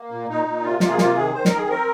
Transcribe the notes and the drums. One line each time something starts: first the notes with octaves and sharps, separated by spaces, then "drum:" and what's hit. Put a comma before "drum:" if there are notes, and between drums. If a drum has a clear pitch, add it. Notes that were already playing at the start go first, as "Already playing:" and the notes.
Already playing: A#3
A#2
A#2 D#4
A#2
C3 F4
A#3, drum: snare
G#4
C3 F4, drum: snare
D#3 G#4
D#3 C5
A#4, drum: snare
D#3
G#4
C4 A#4